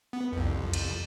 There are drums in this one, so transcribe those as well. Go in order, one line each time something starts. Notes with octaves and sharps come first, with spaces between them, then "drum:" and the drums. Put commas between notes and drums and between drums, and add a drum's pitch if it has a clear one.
B3
C2 F2
drum: cymbal